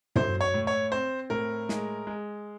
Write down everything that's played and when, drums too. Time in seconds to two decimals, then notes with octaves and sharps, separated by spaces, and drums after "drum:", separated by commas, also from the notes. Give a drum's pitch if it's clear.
0.16 F#3 C5, drum: tom
0.41 C#5
0.54 A2
0.67 C#5
0.92 C4 C5
1.30 A2 A#4
1.69 G#3, drum: snare
2.07 G#3